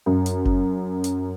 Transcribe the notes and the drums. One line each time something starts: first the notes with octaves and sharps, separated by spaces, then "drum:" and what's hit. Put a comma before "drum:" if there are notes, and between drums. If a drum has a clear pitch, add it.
F#2
drum: hi-hat
drum: kick F#1
drum: hi-hat